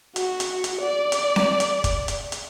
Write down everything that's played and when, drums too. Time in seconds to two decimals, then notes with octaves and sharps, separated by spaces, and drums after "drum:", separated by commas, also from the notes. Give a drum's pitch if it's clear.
0.16 F#4, drum: hi-hat
0.40 drum: hi-hat
0.64 drum: hi-hat
0.81 D5
1.12 drum: hi-hat
1.36 drum: snare C4
1.60 drum: hi-hat
1.84 drum: kick, hi-hat
2.08 drum: hi-hat
2.32 drum: hi-hat